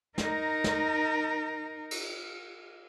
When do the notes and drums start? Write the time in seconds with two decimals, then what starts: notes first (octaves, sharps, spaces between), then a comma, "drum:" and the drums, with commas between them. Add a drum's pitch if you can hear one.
0.18 D#4 A#4, drum: snare
0.64 drum: snare
1.91 drum: cymbal